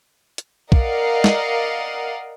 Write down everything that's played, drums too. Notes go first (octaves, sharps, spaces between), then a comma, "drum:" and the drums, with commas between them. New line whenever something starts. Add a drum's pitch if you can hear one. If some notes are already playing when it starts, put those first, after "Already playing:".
drum: hi-hat
A#4 D5 D#5 F5 F#5, drum: kick
drum: snare